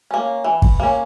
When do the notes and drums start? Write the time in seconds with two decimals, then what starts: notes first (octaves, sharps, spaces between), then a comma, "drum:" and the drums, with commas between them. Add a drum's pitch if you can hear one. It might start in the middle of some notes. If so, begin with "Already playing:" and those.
0.11 A#3 C#4
0.44 E3
0.62 drum: kick
0.80 A#3 C#4